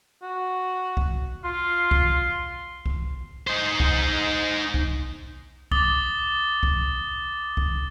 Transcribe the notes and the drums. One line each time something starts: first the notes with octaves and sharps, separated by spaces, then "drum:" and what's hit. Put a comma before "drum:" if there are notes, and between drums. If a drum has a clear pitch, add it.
F#4
drum: kick C2
F4 C6
drum: kick C2
drum: kick C2
D#4 C5
drum: kick C2
drum: kick C2
D6 D#6 A6 G7, drum: kick C2
drum: kick C2
drum: kick C2